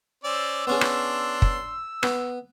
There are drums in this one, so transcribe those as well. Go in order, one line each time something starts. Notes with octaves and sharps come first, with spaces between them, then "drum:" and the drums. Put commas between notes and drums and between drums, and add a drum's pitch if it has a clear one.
C#4 C5 D5 E6
B3 C#4 D4 G#4 C6
drum: rim click
drum: kick
B3, drum: rim click